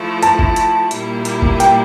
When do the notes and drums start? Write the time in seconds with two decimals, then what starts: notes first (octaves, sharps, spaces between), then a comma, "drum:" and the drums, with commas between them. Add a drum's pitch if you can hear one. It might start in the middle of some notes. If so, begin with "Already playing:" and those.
Already playing: F3 A3 E4
0.23 A5, drum: hi-hat
0.39 drum: kick G1
0.56 drum: hi-hat
0.91 A#2 G3 A#3 E4, drum: hi-hat
1.25 drum: hi-hat
1.42 drum: kick G1
1.60 G5, drum: hi-hat